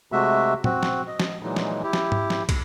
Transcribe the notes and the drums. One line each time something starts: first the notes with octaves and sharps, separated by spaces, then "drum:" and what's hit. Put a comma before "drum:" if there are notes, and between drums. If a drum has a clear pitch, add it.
C3 G#3 A3 F#4 E5
C4 F#4, drum: tom A2
drum: snare
D#5
drum: snare
A#2 E3 F#3 G#3 D#4
drum: snare
E4 G4
drum: snare
drum: tom G#2
drum: snare
drum: kick, cymbal